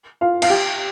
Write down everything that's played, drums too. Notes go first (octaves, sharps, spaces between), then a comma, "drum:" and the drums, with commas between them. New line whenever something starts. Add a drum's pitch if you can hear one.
F4 F5
F5, drum: cymbal
G4 G5